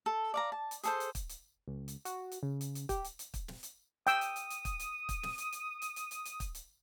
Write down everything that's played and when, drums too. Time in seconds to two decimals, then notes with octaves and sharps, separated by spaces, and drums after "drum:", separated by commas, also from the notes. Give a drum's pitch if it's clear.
0.06 A4
0.34 D5 F5 A#5
0.52 A5
0.71 drum: hi-hat
0.83 G#4 A4 C5, drum: hi-hat
1.00 drum: hi-hat
1.15 drum: kick, hi-hat
1.29 drum: hi-hat
1.68 C#2
1.88 drum: hi-hat
2.05 F#4, drum: hi-hat
2.31 drum: hi-hat
2.43 C#3
2.61 drum: hi-hat
2.75 drum: hi-hat
2.89 G4, drum: kick, hi-hat
3.04 drum: hi-hat
3.19 drum: hi-hat
3.34 drum: kick, hi-hat
3.48 drum: snare
3.63 drum: hi-hat
4.07 G5 D#6 E6, drum: hi-hat
4.21 drum: hi-hat
4.36 drum: hi-hat
4.50 drum: hi-hat
4.65 drum: kick, hi-hat
4.80 drum: hi-hat
5.09 drum: kick, hi-hat
5.23 drum: snare
5.38 drum: hi-hat
5.52 drum: hi-hat
5.82 drum: hi-hat
5.96 drum: hi-hat
6.11 drum: hi-hat
6.25 drum: hi-hat
6.40 drum: kick, hi-hat
6.55 drum: hi-hat